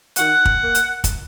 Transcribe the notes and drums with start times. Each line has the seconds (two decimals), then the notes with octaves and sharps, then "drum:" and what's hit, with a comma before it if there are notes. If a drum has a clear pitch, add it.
0.16 D#3 F#5, drum: hi-hat
0.45 drum: kick
0.61 A#3
0.75 drum: hi-hat
1.04 drum: kick, hi-hat